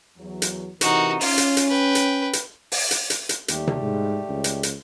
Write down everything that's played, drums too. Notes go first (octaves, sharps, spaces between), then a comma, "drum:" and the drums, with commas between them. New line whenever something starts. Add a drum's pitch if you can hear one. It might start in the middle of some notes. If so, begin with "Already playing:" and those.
E2 F#3
drum: hi-hat
C3 E3 D#4 F#4 A#4, drum: hi-hat
C#4 F4, drum: open hi-hat
drum: hi-hat
drum: hi-hat
B4 G5
drum: hi-hat
drum: hi-hat
drum: open hi-hat
drum: hi-hat
drum: hi-hat
drum: hi-hat
D#2 G3 A3 G4, drum: hi-hat
drum: tom C3
G#2
C#2
drum: hi-hat
drum: hi-hat